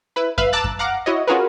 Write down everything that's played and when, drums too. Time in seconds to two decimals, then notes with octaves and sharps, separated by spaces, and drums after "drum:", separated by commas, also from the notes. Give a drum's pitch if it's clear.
0.16 E4 B4
0.38 B4 E5 F5 B5, drum: kick F#2
0.53 A5 A#5 D6 E6 F#6 A6
0.64 drum: kick F#2
0.79 F5 F#5 A#5 D6
1.06 E4 F#4 C#5 D#5
1.27 C#4 F4 F#4 G#4 A#4 B4